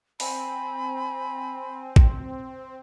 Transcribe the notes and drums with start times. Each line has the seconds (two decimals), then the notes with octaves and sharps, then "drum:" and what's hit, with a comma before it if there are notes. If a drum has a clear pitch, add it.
0.20 C4 G#5 B5, drum: open hi-hat
1.96 drum: kick A#1